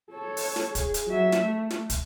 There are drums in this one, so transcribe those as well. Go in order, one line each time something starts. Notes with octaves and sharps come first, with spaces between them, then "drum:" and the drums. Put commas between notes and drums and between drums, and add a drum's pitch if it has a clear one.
A4 C#5
drum: open hi-hat
drum: snare
G#4, drum: kick, hi-hat
drum: hi-hat
F#3 E5
drum: snare
A3
drum: snare
drum: kick, hi-hat